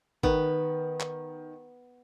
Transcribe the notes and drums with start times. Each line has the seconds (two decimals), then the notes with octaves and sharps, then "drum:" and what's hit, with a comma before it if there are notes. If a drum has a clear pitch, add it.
0.23 D#3 B3, drum: kick G#1
1.00 drum: clap